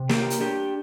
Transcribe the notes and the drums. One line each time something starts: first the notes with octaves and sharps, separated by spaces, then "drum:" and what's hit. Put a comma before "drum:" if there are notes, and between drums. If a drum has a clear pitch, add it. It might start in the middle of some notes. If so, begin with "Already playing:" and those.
Already playing: C3
A#3 G4, drum: snare
drum: hi-hat
D4 G4